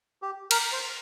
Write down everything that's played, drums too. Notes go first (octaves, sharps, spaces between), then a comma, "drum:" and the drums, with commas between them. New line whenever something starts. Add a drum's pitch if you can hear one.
G4
A#4, drum: cymbal
C5